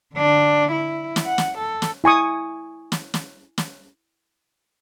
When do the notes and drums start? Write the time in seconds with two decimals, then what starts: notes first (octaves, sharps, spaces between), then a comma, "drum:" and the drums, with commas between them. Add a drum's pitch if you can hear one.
0.15 D3 D4
0.72 E4
1.16 drum: snare
1.26 F#5
1.38 drum: snare
1.58 A4
1.82 drum: snare
2.04 E4 G#5 C#6 D#6
2.92 drum: snare
3.14 drum: snare
3.58 drum: snare